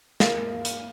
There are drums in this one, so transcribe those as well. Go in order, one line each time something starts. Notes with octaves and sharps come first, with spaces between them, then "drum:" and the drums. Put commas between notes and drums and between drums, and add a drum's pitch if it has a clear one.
A#3 F5, drum: snare
drum: hi-hat